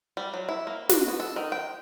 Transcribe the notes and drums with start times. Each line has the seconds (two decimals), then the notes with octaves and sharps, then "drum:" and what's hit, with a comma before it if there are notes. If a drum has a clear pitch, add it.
0.17 G3
0.34 F#3
0.49 E4
0.67 A#3
0.89 F#4, drum: snare
1.08 B3
1.20 A4
1.36 D#3
1.52 G5